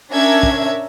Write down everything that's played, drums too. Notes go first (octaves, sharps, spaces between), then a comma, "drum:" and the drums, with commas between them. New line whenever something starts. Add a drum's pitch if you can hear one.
C#4 D4 A#4 E5 G#6
drum: kick